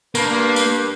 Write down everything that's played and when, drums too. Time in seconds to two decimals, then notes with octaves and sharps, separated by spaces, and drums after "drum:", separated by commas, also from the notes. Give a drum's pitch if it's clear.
0.15 G2 A#3 B4, drum: tambourine
0.56 drum: tambourine